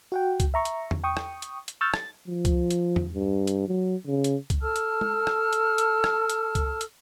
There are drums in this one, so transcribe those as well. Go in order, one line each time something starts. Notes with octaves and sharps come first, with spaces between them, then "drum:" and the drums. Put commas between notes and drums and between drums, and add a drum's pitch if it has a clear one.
F#4 F#5 G5
drum: kick C#2, hi-hat
E5 A#5 C#6
drum: hi-hat
drum: tom E2
G5 C#6 D#6
drum: rim click
drum: hi-hat
drum: hi-hat
C#6 E6 F6 G6 A6
A6, drum: rim click
F3
drum: kick C#2, hi-hat
drum: hi-hat
drum: tom E2
G2
drum: hi-hat
F#3
C#3
drum: hi-hat
drum: kick C#2, hi-hat
A4 A5 E6 F6
drum: hi-hat
drum: tom G#3
drum: rim click
drum: hi-hat
drum: hi-hat
drum: rim click
drum: hi-hat
drum: kick C#2, hi-hat
drum: hi-hat